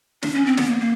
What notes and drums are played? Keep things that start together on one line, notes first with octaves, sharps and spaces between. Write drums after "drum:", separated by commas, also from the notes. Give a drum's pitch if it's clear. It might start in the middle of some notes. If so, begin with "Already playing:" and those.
D4, drum: snare
C#4
C4
B3, drum: snare
A#3
A#3